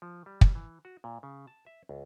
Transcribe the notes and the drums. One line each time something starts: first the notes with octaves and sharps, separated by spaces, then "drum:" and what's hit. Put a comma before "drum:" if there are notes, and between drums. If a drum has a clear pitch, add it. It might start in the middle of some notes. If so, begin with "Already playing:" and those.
F3
G3
drum: kick
E3
F#4
A#2
C#3
A5
E5
C#2